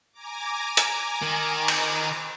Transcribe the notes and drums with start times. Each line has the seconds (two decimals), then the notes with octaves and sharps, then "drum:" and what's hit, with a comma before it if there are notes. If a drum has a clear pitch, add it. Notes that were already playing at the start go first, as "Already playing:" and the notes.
0.12 G#5 A#5 D6
0.77 drum: hi-hat
1.22 D#3
1.68 drum: cymbal